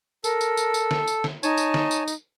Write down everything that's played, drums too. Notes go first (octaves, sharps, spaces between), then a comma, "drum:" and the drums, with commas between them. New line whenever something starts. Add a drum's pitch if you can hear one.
A4 A#4, drum: tambourine
drum: tambourine
drum: tambourine
drum: tambourine
drum: snare
drum: tambourine
drum: snare
D#4 C#5 G#5 A5, drum: tambourine
drum: tambourine
drum: snare
drum: tambourine
drum: tambourine